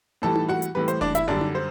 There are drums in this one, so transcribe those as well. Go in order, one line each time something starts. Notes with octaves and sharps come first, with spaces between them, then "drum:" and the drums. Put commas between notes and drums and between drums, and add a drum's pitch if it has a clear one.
A2 E3 G3 A4 A5
drum: tom D#4
F#4 F#5
drum: hi-hat
A2 E3 G3 B4
C5, drum: hi-hat
D4 D5, drum: kick F1
E4 E5, drum: hi-hat
F#2 D3 G3 D4 D5
drum: tom D#4
C5